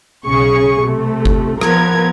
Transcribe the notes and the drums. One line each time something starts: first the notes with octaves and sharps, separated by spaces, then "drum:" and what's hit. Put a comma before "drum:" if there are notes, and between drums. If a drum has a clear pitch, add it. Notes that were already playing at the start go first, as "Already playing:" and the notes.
B1 C#3 G#4 C#6
C3 A3
drum: kick F#1
F3 B3 A#4 G#6, drum: rim click